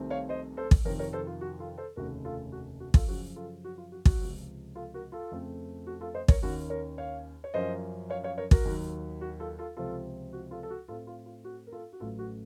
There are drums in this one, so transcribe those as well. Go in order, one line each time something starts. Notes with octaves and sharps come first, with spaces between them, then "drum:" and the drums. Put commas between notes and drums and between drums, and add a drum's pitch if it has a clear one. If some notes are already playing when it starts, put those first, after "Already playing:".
Already playing: C2 C3 D#3 A3 C4
C#5 F5
C5 D#5
A4 C5
drum: kick
F2 C3 D#3 A#4 C#5
A#4 C#5
A4 C5
F4
F#4
F4 A4
A4 C5
F1 D#2 C#3 A3 C#4 F#4 A#4
F4 A4
F#4
F#4
F4 A4, drum: kick
F#2 C#3 F3 F#4
F4 A4
F#4
F4
F#4
F#4, drum: kick
C#2 C3 F3
F4 A4
F#4 A#4
F4 A4
F2 C#3 A3 C4
F#4
F4 A4
C5 D#5
A#4 C#5, drum: kick
D#2 D#3 A#3 C#4 F#4
A#4 C#5
C#5 F5
C#5
F#2 F3 A#3 C#4 C5 D#5
C#5 F5
C#5 F5
A#4 C#5
F#4 A#4, drum: kick
D#2 D#3 F#3 A#3
F#4
F4 A4
F4 A4
C#2 C3 F3 C4 F4 A4
F#4
F4 A4
A4
F#4
A2 A3 C4 F4 A4
F4
F4
F#4
A#4
F4 A4
F#4
A1 A2 F#3 A3 C#4 F4 A4
F#4